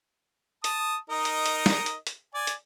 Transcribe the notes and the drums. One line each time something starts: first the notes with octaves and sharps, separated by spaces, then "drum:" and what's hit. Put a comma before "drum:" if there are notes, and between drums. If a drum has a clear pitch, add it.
A5 D#6, drum: hi-hat
D#4 A#4 D#5
drum: hi-hat
drum: hi-hat
drum: snare
drum: hi-hat
drum: hi-hat
D5 G#5
drum: hi-hat